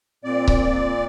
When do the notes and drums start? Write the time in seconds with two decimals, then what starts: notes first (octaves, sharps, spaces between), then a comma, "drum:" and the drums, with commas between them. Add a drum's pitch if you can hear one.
0.24 A#2 C4 D5
0.48 drum: kick C#1